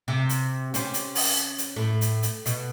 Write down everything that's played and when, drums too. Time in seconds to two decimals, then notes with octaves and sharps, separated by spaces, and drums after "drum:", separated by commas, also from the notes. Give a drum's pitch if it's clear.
0.08 C3
0.29 drum: hi-hat
0.74 C#4 G4 C5, drum: hi-hat
0.94 drum: hi-hat
1.15 drum: open hi-hat
1.58 drum: hi-hat
1.76 A2
2.01 drum: hi-hat
2.23 drum: hi-hat
2.46 B2, drum: hi-hat